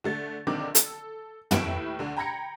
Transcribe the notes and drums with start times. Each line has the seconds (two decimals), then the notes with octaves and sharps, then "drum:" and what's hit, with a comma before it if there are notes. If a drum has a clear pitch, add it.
0.04 D3 A3 A6
0.47 A#1 D3 D#3 C4 D6
0.75 A4, drum: hi-hat
1.51 D#2 A2 E4 G4 B4 D7, drum: tom
1.99 D2 D3
2.17 G5 A#5 B5 G#6 A#6 C#7